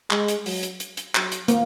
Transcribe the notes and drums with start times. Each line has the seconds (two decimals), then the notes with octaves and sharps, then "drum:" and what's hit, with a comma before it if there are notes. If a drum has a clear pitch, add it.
0.11 G#3, drum: clap
0.28 drum: hi-hat
0.46 F#3, drum: open hi-hat
0.63 drum: hi-hat
0.80 drum: hi-hat
0.97 drum: hi-hat
1.15 F#3, drum: clap
1.32 drum: hi-hat
1.48 A#3, drum: hi-hat